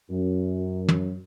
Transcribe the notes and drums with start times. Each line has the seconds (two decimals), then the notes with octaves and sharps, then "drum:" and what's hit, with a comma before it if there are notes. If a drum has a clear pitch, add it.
0.10 F#2
0.89 drum: tom